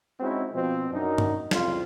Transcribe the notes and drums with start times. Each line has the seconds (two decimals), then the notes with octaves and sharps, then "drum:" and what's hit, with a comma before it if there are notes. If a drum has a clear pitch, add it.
0.20 G#3 C4 C#4 D#4 E4 F#4
0.53 B2 F3 C4
0.91 F#2 D4 D#4
1.18 drum: tom G2
1.51 C2 F2 C#3 F4, drum: snare